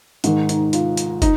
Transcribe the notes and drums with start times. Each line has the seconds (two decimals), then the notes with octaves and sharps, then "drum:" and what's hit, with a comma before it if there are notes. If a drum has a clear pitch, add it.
0.24 G#2 D#3, drum: hi-hat
0.49 D#4, drum: hi-hat
0.73 F4, drum: hi-hat
0.97 drum: hi-hat
1.22 D#4, drum: kick, hi-hat